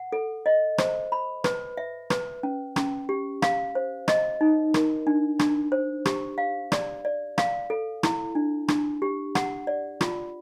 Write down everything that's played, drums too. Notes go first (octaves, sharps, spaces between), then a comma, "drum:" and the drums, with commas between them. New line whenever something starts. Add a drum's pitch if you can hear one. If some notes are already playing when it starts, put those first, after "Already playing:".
Already playing: F#5
A4
D#5
C5, drum: rim click
B5
B4, drum: rim click
E5
B4, drum: rim click
C#4
C#4, drum: rim click
G4
F5, drum: rim click
C5
D#5, drum: rim click
D#4
A#4, drum: rim click
D4
D4, drum: rim click
C5
G4, drum: rim click
F5
D5, drum: rim click
D5
F5, drum: rim click
A4
E4, drum: rim click
D4
D4, drum: rim click
G4
F#5, drum: rim click
D5
F4, drum: rim click